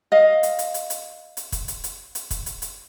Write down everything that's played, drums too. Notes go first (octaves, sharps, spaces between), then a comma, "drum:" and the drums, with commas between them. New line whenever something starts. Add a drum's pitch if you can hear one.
D#5 F5
drum: hi-hat
drum: hi-hat
drum: hi-hat
drum: hi-hat
drum: hi-hat
drum: kick, hi-hat
drum: hi-hat
drum: hi-hat
drum: hi-hat
drum: kick, hi-hat
drum: hi-hat
drum: hi-hat